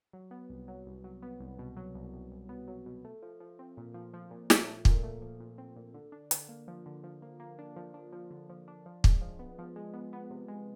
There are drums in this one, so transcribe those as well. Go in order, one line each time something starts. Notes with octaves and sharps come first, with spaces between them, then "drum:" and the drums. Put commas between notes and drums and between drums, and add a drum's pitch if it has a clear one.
F#3
B3
C2
F#3
C2
F#3
B3
C2
B2
F#3
C2
C2
C2
B3
F#3
B2
A3
F3
F3
C4
A#2
F3
F3
A#2
A3, drum: snare
A3
A#2, drum: kick
A3
F3
A#2
C4
A#2
D3
D4
D3, drum: hi-hat
A#3
F3
D3
F3
A#3
A#3
D4
F3
D4
F3
D3
F3
D4
F3
G#3, drum: kick
F3
B3
F3
G#3
B3
B3
C3
G#3